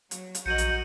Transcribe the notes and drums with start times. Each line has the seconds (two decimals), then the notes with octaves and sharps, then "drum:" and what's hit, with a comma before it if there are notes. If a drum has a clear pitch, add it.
0.11 F#3, drum: hi-hat
0.35 drum: hi-hat
0.46 A#1 F#4 A#4 D#5 G6 C#7 D#7 F#7
0.58 drum: hi-hat